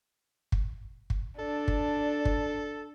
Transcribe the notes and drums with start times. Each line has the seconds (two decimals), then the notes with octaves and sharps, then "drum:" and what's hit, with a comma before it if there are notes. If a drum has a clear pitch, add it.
0.52 drum: kick
1.10 drum: kick
1.39 D4 A4
1.68 drum: kick
2.25 drum: kick